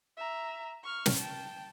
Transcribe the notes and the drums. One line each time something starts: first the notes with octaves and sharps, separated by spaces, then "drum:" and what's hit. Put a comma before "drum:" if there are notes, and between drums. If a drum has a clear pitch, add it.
E5 A#5
C#6 F6
drum: snare
G5 A5